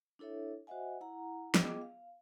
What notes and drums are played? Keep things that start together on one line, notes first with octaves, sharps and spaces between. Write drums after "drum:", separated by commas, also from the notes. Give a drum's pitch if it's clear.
D4 E4 A4 C#5 E5
F#4 C5 D#5 E5 F#5 G#5
E4 F#5 A#5
B3 F4 G#4 D#5 G5 D6, drum: snare
F5